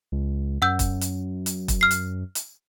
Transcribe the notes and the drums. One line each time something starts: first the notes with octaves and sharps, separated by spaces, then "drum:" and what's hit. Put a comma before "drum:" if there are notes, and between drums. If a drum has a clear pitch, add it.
C#2
F#2 F#5 E6 G6
drum: kick E1, hi-hat
drum: hi-hat
drum: hi-hat
drum: kick E1, hi-hat
F6 C7
drum: hi-hat
drum: hi-hat